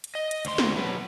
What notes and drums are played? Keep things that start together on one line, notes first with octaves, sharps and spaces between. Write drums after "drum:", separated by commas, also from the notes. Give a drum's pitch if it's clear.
drum: hi-hat
D#5
drum: hi-hat
D2 C6, drum: hi-hat
drum: snare
F#3 B4